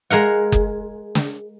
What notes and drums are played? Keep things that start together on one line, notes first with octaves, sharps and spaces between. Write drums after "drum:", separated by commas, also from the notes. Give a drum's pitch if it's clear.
G#3 A#4 F5 F#5
drum: kick F#1
drum: snare